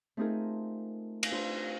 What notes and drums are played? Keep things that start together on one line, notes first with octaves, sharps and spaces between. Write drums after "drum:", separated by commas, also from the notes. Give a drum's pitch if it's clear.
A3 C4 D#4 F4 G#4 A#4
drum: cymbal
D4 F4 B4 C5